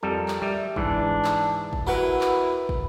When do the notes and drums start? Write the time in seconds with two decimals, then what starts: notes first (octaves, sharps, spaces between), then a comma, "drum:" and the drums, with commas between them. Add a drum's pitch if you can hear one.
0.03 F2 G3 A4 A#4
0.28 drum: clap
0.42 G3 E5
0.76 G#2 E3 D4, drum: kick
1.25 drum: clap
1.73 drum: kick
1.87 F#3 E4 A#4 B4 F#5
2.21 drum: clap
2.69 drum: kick